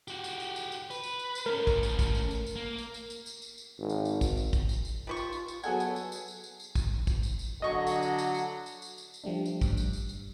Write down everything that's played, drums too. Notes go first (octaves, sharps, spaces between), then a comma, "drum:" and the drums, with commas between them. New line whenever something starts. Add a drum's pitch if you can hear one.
F#4 G4, drum: tambourine
drum: tambourine
drum: tambourine
drum: tambourine
drum: tambourine
B4, drum: tambourine
drum: tambourine
drum: tambourine
drum: tambourine
A3 C#4 A#4
drum: kick, tambourine
drum: tambourine
drum: kick, tambourine
drum: tambourine
drum: tambourine
drum: tambourine
A#3
drum: tambourine
drum: tambourine
drum: tambourine
drum: tambourine
drum: tambourine
drum: tambourine
G#1
drum: tambourine
drum: tambourine
drum: kick, tambourine
drum: tambourine
drum: kick, tambourine
drum: tambourine
drum: tambourine
G3 F4 B4 C#6
drum: tambourine
drum: tambourine
drum: tambourine
F#3 B3 G#4 A4 F#5 G#5 G#6, drum: tambourine
drum: tambourine
drum: tambourine
drum: tambourine
drum: tambourine
drum: tambourine
drum: tambourine
drum: kick, tambourine
drum: kick, tambourine
drum: tambourine
drum: tambourine
D3 F#3 D#5 C#6
drum: tambourine
drum: tambourine
drum: tambourine
drum: tambourine
drum: tambourine
drum: tambourine
drum: tambourine
drum: tambourine
F3 G3 A3 D4
drum: tambourine
G2, drum: kick, tambourine
drum: tambourine
drum: tambourine
drum: tambourine